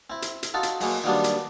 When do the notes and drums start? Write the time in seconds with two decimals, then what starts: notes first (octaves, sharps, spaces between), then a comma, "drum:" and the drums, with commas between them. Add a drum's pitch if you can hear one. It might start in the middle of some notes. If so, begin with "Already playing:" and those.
0.10 C4 E4
0.22 drum: hi-hat
0.43 drum: hi-hat
0.54 D#4 F4 F#4 A4
0.63 drum: hi-hat
0.80 F#3 G#3 A#3, drum: open hi-hat
1.04 D#3 F#3 G3 A#3 B3 D4
1.24 drum: hi-hat